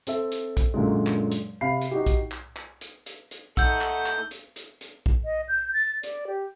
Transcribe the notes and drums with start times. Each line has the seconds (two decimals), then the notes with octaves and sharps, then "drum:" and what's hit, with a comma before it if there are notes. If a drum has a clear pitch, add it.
0.07 C4 A4 E5, drum: hi-hat
0.32 drum: hi-hat
0.57 drum: kick A#1, hi-hat
0.74 F#2 A#2 D3 F#3 G#3
1.07 drum: clap
1.32 drum: hi-hat
1.61 C3 F5 B5 C7
1.82 drum: hi-hat
1.91 D#4 F#4 G4
2.06 drum: kick A#1, hi-hat
2.31 drum: clap
2.56 drum: clap
2.81 drum: hi-hat
3.06 drum: hi-hat
3.31 drum: hi-hat
3.57 A3 D#4 F#5 E6 G6, drum: kick A#1, hi-hat
3.81 drum: clap
4.06 drum: clap
4.31 drum: hi-hat
4.56 drum: hi-hat
4.81 drum: hi-hat
5.06 drum: kick A#1
5.25 D#5
5.49 G6
5.74 A6
6.03 D5, drum: hi-hat
6.27 G4